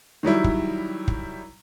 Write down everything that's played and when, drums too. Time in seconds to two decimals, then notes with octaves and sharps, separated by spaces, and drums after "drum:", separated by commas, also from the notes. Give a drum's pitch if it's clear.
0.23 D#3 F#3 G3 E4
0.44 drum: kick
1.08 drum: kick